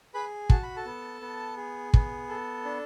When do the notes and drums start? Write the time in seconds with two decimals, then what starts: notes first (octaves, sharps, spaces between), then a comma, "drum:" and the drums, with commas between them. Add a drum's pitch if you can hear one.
0.14 G#4 B4 B5
0.50 F#4 A5, drum: kick
0.63 B5
0.76 A4 A5
0.85 B3
1.21 B3
1.57 G#4
1.94 B3, drum: kick
2.29 A4
2.65 D4